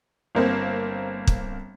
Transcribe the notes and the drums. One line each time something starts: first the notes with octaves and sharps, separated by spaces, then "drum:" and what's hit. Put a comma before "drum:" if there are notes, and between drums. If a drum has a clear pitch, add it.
G1 A#3 C4
drum: kick